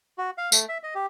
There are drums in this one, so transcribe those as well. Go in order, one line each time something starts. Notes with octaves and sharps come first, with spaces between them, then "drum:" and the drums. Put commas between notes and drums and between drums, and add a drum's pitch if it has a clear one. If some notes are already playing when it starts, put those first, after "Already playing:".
F#4
F5
A3, drum: tambourine
E5
D#5
G4